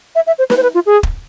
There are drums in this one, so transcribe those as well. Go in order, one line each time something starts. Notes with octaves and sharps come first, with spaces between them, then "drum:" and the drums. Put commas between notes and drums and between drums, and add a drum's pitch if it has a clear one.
E5
E5
C5
B4, drum: snare
C5
B4
F4
G#4
drum: kick